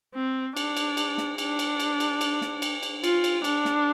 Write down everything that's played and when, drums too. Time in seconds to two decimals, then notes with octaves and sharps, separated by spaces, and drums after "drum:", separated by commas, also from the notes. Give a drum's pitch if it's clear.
0.14 C4
0.57 D4, drum: cymbal
0.77 drum: cymbal
0.97 drum: cymbal
1.18 drum: snare
1.38 D4, drum: cymbal
1.59 drum: cymbal
1.80 drum: cymbal
2.00 drum: cymbal
2.21 drum: cymbal
2.41 drum: snare
2.62 drum: cymbal
2.83 drum: cymbal
3.04 F4, drum: cymbal
3.24 drum: cymbal
3.44 D4, drum: cymbal
3.65 drum: snare